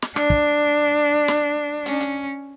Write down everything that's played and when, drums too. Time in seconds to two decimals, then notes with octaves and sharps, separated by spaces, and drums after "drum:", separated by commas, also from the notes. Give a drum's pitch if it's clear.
0.02 drum: snare
0.16 D4, drum: rim click
0.30 drum: kick
1.28 drum: snare
1.86 C#4, drum: hi-hat
2.01 drum: hi-hat